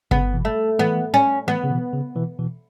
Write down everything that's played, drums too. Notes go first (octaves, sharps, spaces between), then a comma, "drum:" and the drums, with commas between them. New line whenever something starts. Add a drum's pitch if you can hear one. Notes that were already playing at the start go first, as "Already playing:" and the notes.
C#3 B3, drum: kick G1
B2 E3
A3
E3 A3 B3
C#4
E3 A3 B3
C#3
B2 E3
C#3
B2 E3
B2 E3